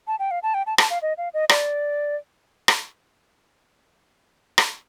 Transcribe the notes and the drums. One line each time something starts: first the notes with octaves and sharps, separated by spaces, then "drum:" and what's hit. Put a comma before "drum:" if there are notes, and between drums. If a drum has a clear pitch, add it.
A5
G5
F5
A5
G5
A5
A5, drum: rim click
F5
D#5
F5
D#5
D5, drum: rim click
drum: rim click
drum: rim click